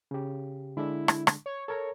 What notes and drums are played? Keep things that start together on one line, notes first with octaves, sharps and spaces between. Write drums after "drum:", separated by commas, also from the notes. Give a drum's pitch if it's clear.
C#3 G4
D3 G#3 D4 E4
drum: rim click
drum: rim click
C#5
A4 A#4 C#5 A#5